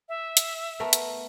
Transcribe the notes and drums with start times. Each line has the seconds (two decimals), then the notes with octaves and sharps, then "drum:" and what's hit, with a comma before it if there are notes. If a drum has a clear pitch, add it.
0.09 E5
0.37 drum: hi-hat
0.80 A3 B3 A#4
0.93 drum: hi-hat